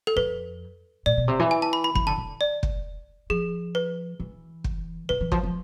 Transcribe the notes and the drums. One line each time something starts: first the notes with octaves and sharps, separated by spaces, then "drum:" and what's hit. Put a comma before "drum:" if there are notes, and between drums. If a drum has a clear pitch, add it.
A4
F2 B4
A2 D5
B2
C3
E3
G#5
A5
B5
B5
E3 B5, drum: kick
D3 A5
D3
D5
drum: kick
F3 G#4
B4
E3
drum: kick
D3 B4
E3
F3, drum: kick
F3